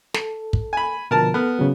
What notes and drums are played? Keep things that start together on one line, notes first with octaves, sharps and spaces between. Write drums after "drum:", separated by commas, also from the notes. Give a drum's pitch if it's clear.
A4, drum: snare
drum: kick
G#5 B5
B2 D3 F3 A#4 A5
B3 A4 F6
C#3 F#3